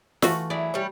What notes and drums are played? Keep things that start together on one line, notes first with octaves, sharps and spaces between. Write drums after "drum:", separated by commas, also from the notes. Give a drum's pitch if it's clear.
E3 A3 F4 F#4, drum: snare
F#3 E4 G#4 D5
G3 C#5